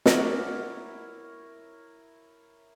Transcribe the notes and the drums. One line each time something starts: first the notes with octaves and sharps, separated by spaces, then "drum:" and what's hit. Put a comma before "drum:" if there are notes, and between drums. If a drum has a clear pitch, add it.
E4 F#4 A#4 C#5 D5, drum: snare